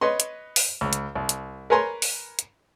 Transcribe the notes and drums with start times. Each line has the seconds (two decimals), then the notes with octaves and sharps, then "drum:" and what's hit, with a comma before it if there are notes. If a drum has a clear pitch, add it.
0.01 B4 C#5 D#5 C6
0.20 drum: hi-hat
0.56 drum: open hi-hat
0.81 C#2
0.93 drum: hi-hat
1.15 C2
1.29 drum: hi-hat
1.70 A#4 B4 C#5 G#5 A#5 C6
2.02 drum: open hi-hat
2.39 drum: hi-hat